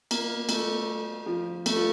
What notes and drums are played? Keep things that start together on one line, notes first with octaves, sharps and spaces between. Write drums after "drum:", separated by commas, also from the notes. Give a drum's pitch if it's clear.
A#3, drum: cymbal
A3, drum: cymbal
F3
A3, drum: cymbal
F4